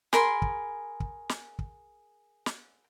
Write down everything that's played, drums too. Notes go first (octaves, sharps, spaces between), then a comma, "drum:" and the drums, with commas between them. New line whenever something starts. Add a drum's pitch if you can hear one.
G#4 A#4 B5 C6, drum: snare
drum: kick
drum: kick
drum: snare
drum: kick
drum: snare